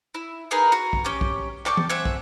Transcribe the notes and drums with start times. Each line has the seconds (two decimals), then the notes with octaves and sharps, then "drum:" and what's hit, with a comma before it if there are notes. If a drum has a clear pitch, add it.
0.14 E4
0.51 D#4 G#4 A#4 B4
0.72 F#4
0.93 drum: kick
1.05 C#4 G4
1.21 drum: kick
1.66 D5 G5 A5 C#6, drum: clap
1.77 drum: tom E3
1.89 C4 E5 F#5 G#5
2.05 drum: kick